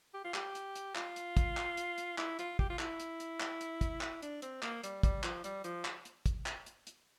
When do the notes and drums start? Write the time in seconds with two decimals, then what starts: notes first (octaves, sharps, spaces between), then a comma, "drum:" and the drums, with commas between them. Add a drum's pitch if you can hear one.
0.14 G4
0.24 F4
0.34 G4, drum: clap
0.55 drum: hi-hat
0.75 drum: hi-hat
0.95 F4, drum: clap
1.16 drum: hi-hat
1.37 drum: kick, hi-hat
1.57 drum: clap
1.77 drum: hi-hat
1.98 drum: hi-hat
2.18 E4, drum: clap
2.39 F4, drum: hi-hat
2.59 G4, drum: kick
2.70 F4
2.79 E4, drum: clap
3.00 drum: hi-hat
3.20 drum: hi-hat
3.40 drum: clap
3.61 drum: hi-hat
3.81 drum: kick, hi-hat
4.01 E4, drum: clap
4.22 D4, drum: hi-hat
4.42 C4, drum: hi-hat
4.63 A#3, drum: clap
4.83 G3, drum: hi-hat
5.03 G3, drum: kick, hi-hat
5.24 F3, drum: clap
5.44 G3, drum: hi-hat
5.64 F3, drum: hi-hat
5.85 drum: clap
6.05 drum: hi-hat
6.26 drum: kick, hi-hat
6.46 drum: clap
6.66 drum: hi-hat
6.87 drum: hi-hat